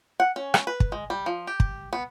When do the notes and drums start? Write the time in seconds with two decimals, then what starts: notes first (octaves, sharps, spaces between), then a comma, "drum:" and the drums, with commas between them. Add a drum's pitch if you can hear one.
0.20 F#5
0.36 C#4
0.54 drum: rim click
0.67 B4
0.80 drum: kick
0.92 G#3
1.10 G3
1.26 F3
1.47 G4
1.60 drum: kick
1.93 B3